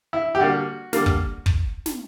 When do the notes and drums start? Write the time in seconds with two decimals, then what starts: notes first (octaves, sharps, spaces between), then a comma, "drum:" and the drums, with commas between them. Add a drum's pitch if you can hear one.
0.13 E4
0.35 G4
0.40 D3 G3 A#3 F#4
0.93 D3 G3 A#3, drum: snare
1.06 drum: kick
1.46 drum: kick
1.86 drum: snare